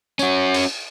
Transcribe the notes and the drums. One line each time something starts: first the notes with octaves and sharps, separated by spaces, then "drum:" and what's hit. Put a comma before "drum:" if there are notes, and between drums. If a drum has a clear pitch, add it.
C#4 F#4, drum: tambourine
drum: cymbal